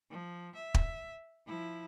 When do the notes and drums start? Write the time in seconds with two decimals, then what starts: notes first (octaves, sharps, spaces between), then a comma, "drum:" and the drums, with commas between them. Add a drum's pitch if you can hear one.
0.10 F3
0.55 E5
0.74 drum: kick
1.47 F3 E4